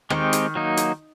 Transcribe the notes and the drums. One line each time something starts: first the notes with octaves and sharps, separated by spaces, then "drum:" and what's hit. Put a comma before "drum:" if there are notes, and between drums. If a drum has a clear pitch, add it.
D#3 G#3 C4 D#4 G4, drum: rim click
drum: hi-hat
F#3 A#3 D#4
drum: hi-hat